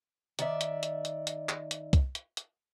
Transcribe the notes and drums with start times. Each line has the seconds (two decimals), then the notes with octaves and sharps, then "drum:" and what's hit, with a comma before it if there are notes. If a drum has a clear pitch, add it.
0.39 D#3 D5 E5, drum: hi-hat
0.61 drum: hi-hat
0.83 drum: hi-hat
1.05 drum: hi-hat
1.27 drum: hi-hat
1.49 drum: clap
1.71 drum: hi-hat
1.93 drum: kick, hi-hat
2.15 drum: hi-hat
2.37 drum: hi-hat